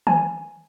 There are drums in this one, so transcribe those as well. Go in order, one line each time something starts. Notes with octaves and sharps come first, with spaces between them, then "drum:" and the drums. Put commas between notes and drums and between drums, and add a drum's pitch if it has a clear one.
G#5, drum: tom D#3